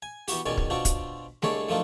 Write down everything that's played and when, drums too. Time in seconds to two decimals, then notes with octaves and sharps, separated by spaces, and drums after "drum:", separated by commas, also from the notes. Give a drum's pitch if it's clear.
0.02 G#5
0.28 E3 B3 F#4 G4, drum: open hi-hat
0.46 C#2 B2 D#3 C#4 D5 G#5
0.57 drum: kick
0.70 B2 C4 D4 F4 F#4
0.85 drum: kick, hi-hat
1.42 C2 D3 G#3 A3 C#5 D5, drum: snare A3
1.69 F#2 F3 A3 D4 D#4 F4